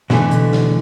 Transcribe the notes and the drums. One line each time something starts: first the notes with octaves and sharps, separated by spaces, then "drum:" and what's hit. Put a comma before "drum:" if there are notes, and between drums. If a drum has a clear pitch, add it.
B2 D3 E3 A3, drum: snare
drum: hi-hat
drum: snare